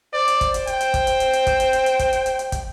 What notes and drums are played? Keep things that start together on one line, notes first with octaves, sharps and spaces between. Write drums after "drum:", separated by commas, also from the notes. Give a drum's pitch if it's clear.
C5 D5
drum: hi-hat
drum: kick, hi-hat
drum: hi-hat
G5, drum: hi-hat
drum: hi-hat
drum: kick, hi-hat
drum: hi-hat
drum: hi-hat
drum: hi-hat
drum: kick, hi-hat
drum: hi-hat
drum: hi-hat
drum: hi-hat
drum: kick, hi-hat
drum: hi-hat
drum: hi-hat
drum: hi-hat
drum: kick, hi-hat